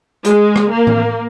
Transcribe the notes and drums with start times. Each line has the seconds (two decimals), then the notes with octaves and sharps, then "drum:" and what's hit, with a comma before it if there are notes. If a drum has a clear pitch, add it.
0.25 G#3, drum: hi-hat
0.56 drum: rim click
0.72 A#3
0.87 drum: tom A2